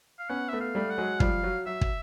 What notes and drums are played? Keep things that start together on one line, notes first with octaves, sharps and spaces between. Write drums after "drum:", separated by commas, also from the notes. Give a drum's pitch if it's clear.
F5
B3 C#4 F#5
A3 B3 E5
F5
G3 A3
F#5
F#3 G#3
F3 G3 F5, drum: kick
F#3
F#3 E5
drum: kick